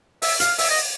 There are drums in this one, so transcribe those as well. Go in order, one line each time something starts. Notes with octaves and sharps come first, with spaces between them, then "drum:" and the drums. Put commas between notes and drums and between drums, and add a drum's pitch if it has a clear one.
E5, drum: open hi-hat
F5, drum: hi-hat
E5, drum: open hi-hat
D#5